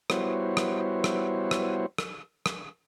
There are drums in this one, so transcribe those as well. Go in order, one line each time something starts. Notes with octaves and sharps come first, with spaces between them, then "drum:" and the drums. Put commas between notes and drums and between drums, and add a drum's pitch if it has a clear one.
G3 B3 E4 F#4 C5 C#5, drum: rim click
drum: rim click
drum: rim click
drum: rim click
drum: rim click
drum: rim click